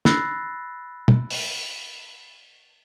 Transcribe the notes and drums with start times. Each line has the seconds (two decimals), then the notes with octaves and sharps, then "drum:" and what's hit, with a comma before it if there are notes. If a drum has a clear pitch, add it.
0.05 B5 E6 F#6 A6 A#6 C7, drum: snare
1.08 drum: tom
1.30 drum: open hi-hat